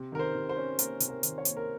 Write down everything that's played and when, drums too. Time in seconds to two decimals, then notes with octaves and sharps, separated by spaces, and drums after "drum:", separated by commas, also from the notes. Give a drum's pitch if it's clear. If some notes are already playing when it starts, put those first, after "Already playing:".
Already playing: C3
0.12 D#3 A#4
0.19 C5
0.35 C3
0.49 C5
0.57 C#4
0.79 A#3 A#4, drum: hi-hat
1.00 C3, drum: hi-hat
1.08 A#4
1.23 D#3, drum: hi-hat
1.38 C#5
1.45 A#3, drum: hi-hat
1.57 A#4